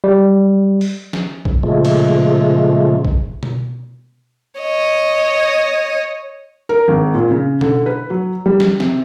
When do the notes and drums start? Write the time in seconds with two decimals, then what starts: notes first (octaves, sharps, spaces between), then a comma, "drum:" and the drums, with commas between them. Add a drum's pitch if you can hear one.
0.04 G3
0.81 drum: open hi-hat
1.13 drum: snare
1.45 drum: kick
1.63 A#2 C#3 F3 G#3 A3
1.85 drum: cymbal
3.05 drum: kick
3.43 drum: tom B2
4.60 C#5 D#5
6.69 A#4
6.88 G#1
7.14 A#2
7.31 C#3
7.61 D3, drum: tom B2
7.86 B4
8.10 F#3
8.46 G3
8.60 drum: snare
8.80 C3, drum: snare